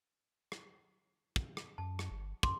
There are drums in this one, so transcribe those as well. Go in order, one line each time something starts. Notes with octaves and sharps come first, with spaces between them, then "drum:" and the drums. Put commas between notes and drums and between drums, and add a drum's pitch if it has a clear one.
drum: rim click
drum: kick
drum: rim click
F#2 A5
drum: rim click
G1
F#2 C6 D6, drum: kick